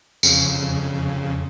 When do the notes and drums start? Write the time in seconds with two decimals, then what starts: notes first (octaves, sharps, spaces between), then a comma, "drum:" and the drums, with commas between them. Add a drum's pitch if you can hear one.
0.23 F2 C#3, drum: tambourine